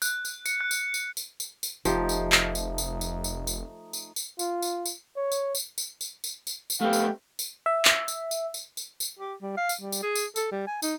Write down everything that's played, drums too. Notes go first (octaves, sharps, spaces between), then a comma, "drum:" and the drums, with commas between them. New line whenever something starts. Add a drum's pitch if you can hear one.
F#6, drum: tambourine
drum: tambourine
C#7, drum: tambourine
F#6
drum: tambourine
drum: tambourine
drum: tambourine
drum: tambourine
drum: tambourine
F1 F3 A3 D#4 G4, drum: tambourine
drum: tambourine
drum: clap
drum: tambourine
drum: tambourine
drum: tambourine
drum: tambourine
drum: tambourine
drum: tambourine
drum: tambourine
F4, drum: tambourine
drum: tambourine
drum: tambourine
C#5
drum: tambourine
drum: tambourine
drum: tambourine
drum: tambourine
drum: tambourine
drum: tambourine
drum: tambourine
A3 B3 C4 G4 F5
drum: tambourine
drum: tambourine
E5
drum: clap
drum: tambourine
drum: tambourine
drum: tambourine
drum: tambourine
drum: tambourine
G4
G3
F5
drum: tambourine
G3
drum: tambourine
G#4
drum: tambourine
A4, drum: tambourine
G3
G#5
D#4, drum: tambourine